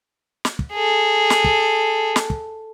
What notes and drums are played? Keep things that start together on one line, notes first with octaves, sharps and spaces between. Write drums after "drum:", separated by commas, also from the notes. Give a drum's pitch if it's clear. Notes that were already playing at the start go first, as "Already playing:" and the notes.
drum: snare
drum: kick
G#4 A4
drum: snare
drum: kick
drum: snare
drum: kick